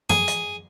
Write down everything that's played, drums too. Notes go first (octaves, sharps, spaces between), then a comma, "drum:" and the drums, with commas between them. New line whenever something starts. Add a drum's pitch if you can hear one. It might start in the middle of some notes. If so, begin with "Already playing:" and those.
G#4, drum: tom
drum: hi-hat